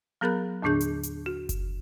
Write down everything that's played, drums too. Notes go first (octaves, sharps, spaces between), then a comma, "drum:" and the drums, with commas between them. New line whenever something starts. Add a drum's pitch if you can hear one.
F#3 B3 G#4 A#4 B5 F#6
D#2 A2 D3 D4 G#4 G6
drum: hi-hat
drum: hi-hat
F#4
drum: kick F#1, hi-hat